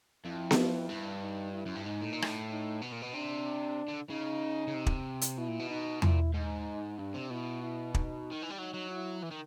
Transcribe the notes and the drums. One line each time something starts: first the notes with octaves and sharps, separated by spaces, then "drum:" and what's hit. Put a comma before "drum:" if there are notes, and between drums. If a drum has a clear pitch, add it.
F2 E4
drum: snare B3
G2
D#4
E4
F#2
G2
G#2 D#4
A2
A#2
A2, drum: rim click
D#4
B2
A#2
B2
C3 D4
D3
C#3 D#4
C#3
C3
drum: kick
drum: hi-hat
B2 E4
A#2
B2
D#4
A#2 E4, drum: tom E2
G#2 D#4
G2 D4
C3
B2 E4
E4
D#4, drum: kick
D#3
E3
G3
F#3 D#4
F#3
E4
E3
D#3